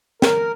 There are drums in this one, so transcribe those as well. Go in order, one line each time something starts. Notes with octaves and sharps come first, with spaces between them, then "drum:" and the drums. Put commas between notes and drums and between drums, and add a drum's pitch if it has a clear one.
A#4, drum: snare